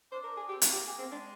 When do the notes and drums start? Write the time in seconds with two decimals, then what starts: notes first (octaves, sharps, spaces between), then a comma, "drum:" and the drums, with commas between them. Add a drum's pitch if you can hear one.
0.12 D4 C5
0.24 A#4
0.37 G#4
0.49 G4
0.52 C4
0.62 A#3, drum: hi-hat
0.73 G4
0.87 A#3 G#4
0.99 C4
1.12 G#3 D4